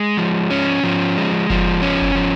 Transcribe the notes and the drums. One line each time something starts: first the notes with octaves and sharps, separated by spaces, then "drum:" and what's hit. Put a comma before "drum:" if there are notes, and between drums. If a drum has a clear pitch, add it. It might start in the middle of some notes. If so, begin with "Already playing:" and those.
Already playing: G#3
F3
C#4
F3
G#3
F3, drum: kick F#1
C#4
drum: kick F#1
F3